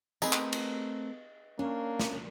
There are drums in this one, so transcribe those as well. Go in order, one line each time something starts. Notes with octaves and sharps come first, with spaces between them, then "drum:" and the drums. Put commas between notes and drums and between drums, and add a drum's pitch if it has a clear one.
A3 C4 D#4 G#4 A#4 B4, drum: tambourine
drum: clap
drum: cymbal
A#3 C#4 D4
drum: snare